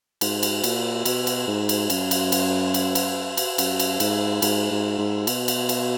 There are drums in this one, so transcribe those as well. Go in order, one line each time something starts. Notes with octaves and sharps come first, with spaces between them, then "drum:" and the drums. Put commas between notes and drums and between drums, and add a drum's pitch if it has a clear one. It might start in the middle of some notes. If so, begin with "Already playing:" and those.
G#2, drum: cymbal
drum: cymbal
A#2, drum: cymbal
B2, drum: cymbal
drum: cymbal
G#2
drum: cymbal
F#2, drum: cymbal
drum: cymbal
drum: cymbal
drum: cymbal
drum: cymbal
drum: cymbal
F#2, drum: cymbal
drum: cymbal
G#2, drum: cymbal
G#2, drum: cymbal
G#2
G#2
B2, drum: cymbal
drum: cymbal
drum: cymbal